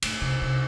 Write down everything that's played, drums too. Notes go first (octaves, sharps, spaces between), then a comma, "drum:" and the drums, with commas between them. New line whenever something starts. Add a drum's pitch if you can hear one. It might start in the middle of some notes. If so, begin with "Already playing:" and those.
A2, drum: cymbal
C3
C3